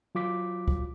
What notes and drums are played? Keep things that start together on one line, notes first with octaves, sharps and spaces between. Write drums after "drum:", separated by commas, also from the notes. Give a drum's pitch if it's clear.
F#3 F4 D6 B6
drum: kick C#2